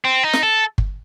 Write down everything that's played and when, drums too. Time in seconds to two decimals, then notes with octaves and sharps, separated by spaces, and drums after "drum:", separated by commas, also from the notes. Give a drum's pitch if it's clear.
0.05 C4
0.23 D#4
0.34 drum: snare
0.43 A4
0.78 drum: kick G1